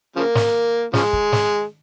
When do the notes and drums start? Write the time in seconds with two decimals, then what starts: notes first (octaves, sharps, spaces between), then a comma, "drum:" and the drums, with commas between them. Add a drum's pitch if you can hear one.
0.16 C#3 F3 A#3
0.35 drum: snare
0.93 C#3 F3 G#3, drum: snare
1.13 drum: kick
1.32 drum: snare